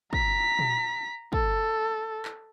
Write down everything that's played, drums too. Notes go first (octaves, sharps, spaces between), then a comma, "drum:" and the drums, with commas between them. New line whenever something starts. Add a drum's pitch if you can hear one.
A#5 B6, drum: kick
drum: tom A#2
A4, drum: kick
drum: clap